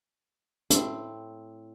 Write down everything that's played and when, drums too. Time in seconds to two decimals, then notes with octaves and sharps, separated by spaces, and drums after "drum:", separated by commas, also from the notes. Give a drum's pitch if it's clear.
0.70 A2 C4, drum: hi-hat